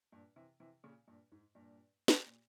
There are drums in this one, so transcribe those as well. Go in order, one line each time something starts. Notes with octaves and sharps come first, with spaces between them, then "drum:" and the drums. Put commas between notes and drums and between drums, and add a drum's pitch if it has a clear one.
G2 A#2
C3 E3
C3 E3
A#2 C#3
G2 A#2
G#2
G2 A#2
drum: snare
A#2